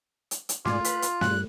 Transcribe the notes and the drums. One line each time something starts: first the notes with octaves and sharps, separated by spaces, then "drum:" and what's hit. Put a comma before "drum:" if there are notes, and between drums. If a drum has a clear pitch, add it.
drum: hi-hat
drum: hi-hat
G#2 F4 D5 G#5, drum: snare
B4 B5, drum: hi-hat
drum: hi-hat
G2 G3 F#6, drum: snare